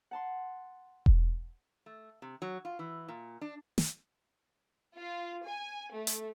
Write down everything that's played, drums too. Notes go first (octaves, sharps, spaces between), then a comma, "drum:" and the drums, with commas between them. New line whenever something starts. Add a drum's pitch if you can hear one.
F#5 A5 C6
drum: kick E1
A3
C3
F#3
F4
E3
A#2
D4
drum: snare
F4
G#5
A3
drum: hi-hat